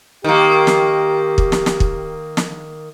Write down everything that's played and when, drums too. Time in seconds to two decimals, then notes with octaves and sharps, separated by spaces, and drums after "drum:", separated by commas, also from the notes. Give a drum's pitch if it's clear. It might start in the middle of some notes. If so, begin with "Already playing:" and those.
0.24 D#3 A#3 G4
0.67 drum: snare
1.38 drum: kick
1.52 drum: snare
1.66 drum: snare
1.80 drum: kick
2.37 drum: snare